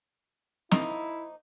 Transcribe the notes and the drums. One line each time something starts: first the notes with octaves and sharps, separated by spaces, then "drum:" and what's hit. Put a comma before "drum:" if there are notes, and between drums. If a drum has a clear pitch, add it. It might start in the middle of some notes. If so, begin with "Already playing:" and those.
F3 A#3 D#4 E4, drum: snare